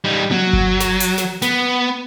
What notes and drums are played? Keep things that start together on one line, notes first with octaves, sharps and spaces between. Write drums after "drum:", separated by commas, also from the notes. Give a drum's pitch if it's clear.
G3 D#4
F#3, drum: tom A#3
drum: kick G1
drum: snare
drum: hi-hat
drum: snare
B3, drum: snare